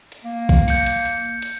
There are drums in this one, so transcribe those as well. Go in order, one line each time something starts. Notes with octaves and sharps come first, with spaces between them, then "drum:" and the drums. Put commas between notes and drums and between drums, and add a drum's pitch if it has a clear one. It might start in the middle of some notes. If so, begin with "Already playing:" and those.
drum: hi-hat
A#3
drum: kick, hi-hat
G6 C#7, drum: open hi-hat
drum: hi-hat
drum: hi-hat
drum: hi-hat